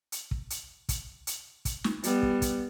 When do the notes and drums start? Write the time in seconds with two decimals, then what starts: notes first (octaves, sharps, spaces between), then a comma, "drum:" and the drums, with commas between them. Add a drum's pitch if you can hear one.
0.12 drum: hi-hat
0.31 drum: kick
0.50 drum: hi-hat
0.89 drum: kick, hi-hat
1.27 drum: hi-hat
1.65 drum: kick, hi-hat
1.84 drum: snare
2.03 G3 B3, drum: hi-hat
2.23 drum: kick
2.42 drum: kick, hi-hat